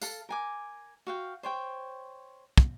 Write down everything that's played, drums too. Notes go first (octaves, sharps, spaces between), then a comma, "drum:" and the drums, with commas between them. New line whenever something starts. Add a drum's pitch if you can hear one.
A4 F5, drum: tambourine
A#4 G#5 D6
F#4 F5 G5
C5 C#5 G5
drum: kick